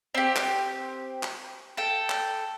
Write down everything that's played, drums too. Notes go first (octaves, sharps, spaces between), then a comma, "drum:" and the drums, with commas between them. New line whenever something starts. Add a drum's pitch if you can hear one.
C4 G4
drum: clap
drum: clap
A4 G5
drum: clap